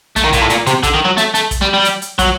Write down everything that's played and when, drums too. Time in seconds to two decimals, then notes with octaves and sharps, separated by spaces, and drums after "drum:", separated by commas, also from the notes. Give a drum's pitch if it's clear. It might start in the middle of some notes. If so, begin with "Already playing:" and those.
0.16 A3, drum: kick, hi-hat
0.24 D#3
0.33 A#2, drum: kick, hi-hat
0.41 A2
0.50 A#2, drum: hi-hat
0.67 C3, drum: hi-hat
0.83 D3, drum: kick, hi-hat
0.94 D#3
1.05 F#3
1.18 A3, drum: hi-hat
1.35 A3, drum: hi-hat
1.51 drum: kick, hi-hat
1.62 G3
1.74 G3
1.85 drum: hi-hat
2.02 drum: hi-hat
2.19 F#3, drum: kick, hi-hat